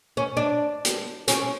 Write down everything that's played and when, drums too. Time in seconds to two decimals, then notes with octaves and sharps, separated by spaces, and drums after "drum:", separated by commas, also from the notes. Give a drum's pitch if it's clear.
0.17 C#4
0.37 D4
0.85 drum: hi-hat
1.28 C#4, drum: hi-hat